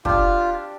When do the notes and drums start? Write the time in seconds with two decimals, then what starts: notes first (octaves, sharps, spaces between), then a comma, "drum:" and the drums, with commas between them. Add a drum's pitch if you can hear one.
0.05 D4 F4 G4, drum: kick